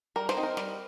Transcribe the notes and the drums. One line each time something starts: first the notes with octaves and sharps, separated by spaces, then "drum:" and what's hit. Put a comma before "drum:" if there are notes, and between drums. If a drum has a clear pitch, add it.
G3 A#4
C5, drum: snare
C4 D#4
A#4
G3, drum: snare